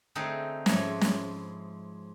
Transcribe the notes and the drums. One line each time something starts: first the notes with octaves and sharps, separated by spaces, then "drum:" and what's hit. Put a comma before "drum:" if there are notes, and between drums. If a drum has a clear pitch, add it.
D3 A3 C4 D#4 G#4
G#2 F3 E4 C#5 E5, drum: snare
drum: snare